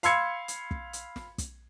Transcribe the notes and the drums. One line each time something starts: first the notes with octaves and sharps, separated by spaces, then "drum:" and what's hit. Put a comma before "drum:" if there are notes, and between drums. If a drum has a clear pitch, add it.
F5 B5 C6 E6 G#6 C#7, drum: hi-hat
drum: hi-hat
drum: kick
drum: hi-hat
drum: snare
drum: kick, hi-hat